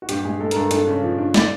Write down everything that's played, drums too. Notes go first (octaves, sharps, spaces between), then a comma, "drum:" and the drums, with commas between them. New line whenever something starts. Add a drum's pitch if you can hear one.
F#4
G2 G4, drum: hi-hat
G#3 G#4
G#3 A4
A#4, drum: hi-hat
G2 A4
D4 A4, drum: hi-hat
C#3
F3
D4
D5, drum: snare